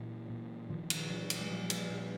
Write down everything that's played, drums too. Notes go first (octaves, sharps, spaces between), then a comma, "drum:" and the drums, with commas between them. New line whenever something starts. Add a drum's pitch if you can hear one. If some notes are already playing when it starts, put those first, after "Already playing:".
Already playing: A#2 E3 F#3
A#2
A#2 D#3 F3
drum: cymbal
A#2 E3 F#3
drum: cymbal
G#3
A#2 F3 G3
drum: cymbal
A#2